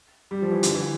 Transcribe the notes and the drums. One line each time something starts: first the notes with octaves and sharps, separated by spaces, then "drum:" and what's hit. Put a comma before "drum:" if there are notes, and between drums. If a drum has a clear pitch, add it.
G3
F3
E3
D3, drum: hi-hat
E3